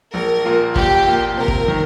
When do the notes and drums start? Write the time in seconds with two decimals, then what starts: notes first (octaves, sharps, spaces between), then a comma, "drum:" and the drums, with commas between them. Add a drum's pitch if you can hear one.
0.13 A#1 A#4
0.45 A#2 A#3 F4
0.76 A#1 G4, drum: kick
1.07 A#2 A#3 F4
1.37 C3 A#4
1.48 drum: kick
1.68 D#3